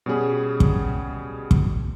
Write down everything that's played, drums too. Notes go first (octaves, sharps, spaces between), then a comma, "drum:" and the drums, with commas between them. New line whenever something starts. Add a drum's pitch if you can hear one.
B2 G3 C#4 G#4
drum: kick
drum: kick